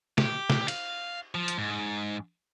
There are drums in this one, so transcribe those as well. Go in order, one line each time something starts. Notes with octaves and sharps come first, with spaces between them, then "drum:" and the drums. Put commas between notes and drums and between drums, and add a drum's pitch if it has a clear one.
G4, drum: snare
drum: snare
F5, drum: cymbal
F3
drum: hi-hat
G#2